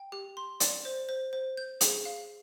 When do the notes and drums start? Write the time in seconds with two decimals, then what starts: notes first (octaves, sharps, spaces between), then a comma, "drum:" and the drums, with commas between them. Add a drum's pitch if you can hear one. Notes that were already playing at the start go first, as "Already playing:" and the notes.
Already playing: G5
0.12 G4
0.37 C6
0.60 D5, drum: hi-hat
0.85 C5
1.09 C5
1.33 C5
1.57 G6
1.81 G#4, drum: hi-hat
2.05 F5